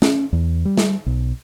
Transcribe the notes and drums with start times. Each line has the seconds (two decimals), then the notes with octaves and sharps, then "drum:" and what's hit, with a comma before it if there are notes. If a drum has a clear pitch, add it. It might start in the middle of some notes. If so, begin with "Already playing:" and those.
0.02 C#4, drum: snare
0.33 E2
0.65 G3
0.78 drum: snare
1.06 B1